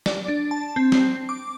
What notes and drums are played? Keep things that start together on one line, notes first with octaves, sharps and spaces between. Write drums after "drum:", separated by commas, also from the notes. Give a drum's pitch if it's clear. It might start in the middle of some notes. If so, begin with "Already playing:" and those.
D5, drum: snare
D4
A5
C4
drum: snare
D6